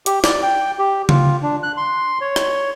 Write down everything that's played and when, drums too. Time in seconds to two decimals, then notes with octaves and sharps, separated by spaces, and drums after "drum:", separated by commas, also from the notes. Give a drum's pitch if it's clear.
0.06 G4, drum: hi-hat
0.24 D5, drum: snare
0.43 G5
0.79 G4
1.09 F4, drum: tom C#3
1.43 D4
1.63 F#6
1.77 C6
2.21 C#5
2.36 drum: rim click